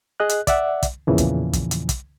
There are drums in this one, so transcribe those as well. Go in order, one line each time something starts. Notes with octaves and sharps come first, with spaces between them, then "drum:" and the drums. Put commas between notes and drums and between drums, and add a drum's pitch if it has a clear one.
G#4 D#5 F#6
drum: hi-hat
D5 E5 F#5, drum: kick, hi-hat
drum: kick, hi-hat
E2 A#2 C#3 E3 F3
drum: kick, hi-hat
drum: kick, hi-hat
drum: hi-hat
drum: kick, hi-hat